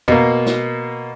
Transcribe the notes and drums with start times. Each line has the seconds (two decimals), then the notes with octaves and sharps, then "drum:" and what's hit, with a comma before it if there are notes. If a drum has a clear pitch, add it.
0.08 B2 A#3, drum: tom
0.46 drum: snare